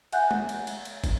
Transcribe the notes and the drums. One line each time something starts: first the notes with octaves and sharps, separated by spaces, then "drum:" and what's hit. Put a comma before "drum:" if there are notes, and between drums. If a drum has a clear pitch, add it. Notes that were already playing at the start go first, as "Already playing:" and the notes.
E5 F#5 G#5 F#6 G6, drum: cymbal
drum: tom G#3
drum: cymbal
drum: cymbal
drum: cymbal
drum: kick, cymbal